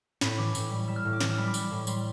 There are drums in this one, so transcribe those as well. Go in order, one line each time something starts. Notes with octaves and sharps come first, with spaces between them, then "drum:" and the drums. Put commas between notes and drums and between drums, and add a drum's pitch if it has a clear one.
A2 B5, drum: snare
E3 D6
A2, drum: tambourine
G3
G3 E6
F6
A2
D6
E3 E6, drum: snare
F6
G3 B5
D6
G3, drum: tambourine
A2
G3 C6, drum: tambourine